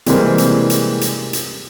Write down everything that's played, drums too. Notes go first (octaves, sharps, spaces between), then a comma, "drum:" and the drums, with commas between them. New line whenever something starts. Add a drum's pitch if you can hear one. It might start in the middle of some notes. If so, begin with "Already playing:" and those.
C3 E3 G3 G#3 A#3 C4, drum: hi-hat
drum: hi-hat
drum: hi-hat
drum: hi-hat
drum: hi-hat